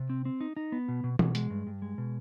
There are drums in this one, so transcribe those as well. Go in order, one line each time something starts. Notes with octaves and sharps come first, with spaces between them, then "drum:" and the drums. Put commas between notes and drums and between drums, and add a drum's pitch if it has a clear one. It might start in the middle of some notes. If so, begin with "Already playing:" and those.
Already playing: C3
C4
C4
D#4
D#4
B3
B2
B2
B2, drum: tom E3
G#3, drum: hi-hat
G2
G2
G#3
B2